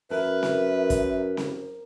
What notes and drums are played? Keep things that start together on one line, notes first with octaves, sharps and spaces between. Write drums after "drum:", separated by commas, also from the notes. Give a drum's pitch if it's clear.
F#2 A#4 B4 E5
drum: snare C4
drum: kick, hi-hat
drum: snare C4